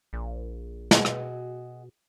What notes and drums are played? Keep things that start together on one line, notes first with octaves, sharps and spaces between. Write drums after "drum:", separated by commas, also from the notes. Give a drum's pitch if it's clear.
A#1
B2 F#4 G#4 D#5, drum: snare
drum: rim click